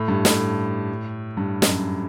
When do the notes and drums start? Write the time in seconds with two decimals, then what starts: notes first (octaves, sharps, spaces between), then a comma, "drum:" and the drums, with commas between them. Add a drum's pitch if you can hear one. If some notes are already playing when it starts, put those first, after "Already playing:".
Already playing: A2
0.08 G2
0.25 A2, drum: snare
1.37 G2
1.62 F#2, drum: snare